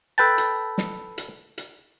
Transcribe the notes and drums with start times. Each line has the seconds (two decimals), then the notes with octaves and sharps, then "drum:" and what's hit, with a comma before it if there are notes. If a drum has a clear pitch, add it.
0.18 A4 B4 G5 A5
0.38 drum: hi-hat
0.78 drum: snare
1.18 drum: hi-hat
1.58 drum: hi-hat